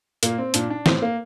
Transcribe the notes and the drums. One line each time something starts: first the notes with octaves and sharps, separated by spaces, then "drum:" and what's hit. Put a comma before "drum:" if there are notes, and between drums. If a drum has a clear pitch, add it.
A#2 A#3, drum: hi-hat
C4
A#2 D4, drum: hi-hat
D4
A2 C4, drum: snare
A#3